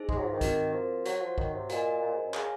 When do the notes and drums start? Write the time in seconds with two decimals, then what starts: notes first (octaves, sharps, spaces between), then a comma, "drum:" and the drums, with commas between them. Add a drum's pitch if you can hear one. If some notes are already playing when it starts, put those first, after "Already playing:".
Already playing: D#4 G#4 C5
0.09 G#3, drum: kick
0.18 F#3
0.25 F3
0.34 D#3
0.41 C4 F#4 A#4, drum: kick, hi-hat
0.74 F3
1.05 F#3 F#4 C#5 F#5, drum: hi-hat
1.21 F3
1.38 D#3, drum: kick
1.54 C3
1.69 A#2 F#4 A#4 D#5 G#5, drum: hi-hat
2.02 A#2
2.13 G#2
2.25 F#2
2.34 G#4 C#5 F5 G#5, drum: clap